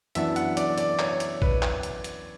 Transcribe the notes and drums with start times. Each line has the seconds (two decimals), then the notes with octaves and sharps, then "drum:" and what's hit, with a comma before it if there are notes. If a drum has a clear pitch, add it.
0.15 F#2 E3 B3 D4 F#4 E5, drum: hi-hat
0.36 F#5, drum: hi-hat
0.57 D5, drum: hi-hat
0.78 D5, drum: hi-hat
0.99 C#5, drum: clap
1.20 drum: hi-hat
1.42 B4, drum: kick A#1
1.62 drum: clap
1.83 drum: hi-hat
2.04 drum: hi-hat